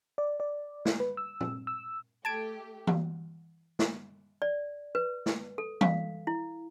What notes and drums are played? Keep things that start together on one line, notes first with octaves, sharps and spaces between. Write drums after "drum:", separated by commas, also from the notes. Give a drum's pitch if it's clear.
D5
D5
drum: snare
B4
E6
drum: tom
E6
A3 G4 A5 G#6 D7
drum: tom E3
drum: snare
D5
B4
drum: snare
A4
F5, drum: tom E3
E4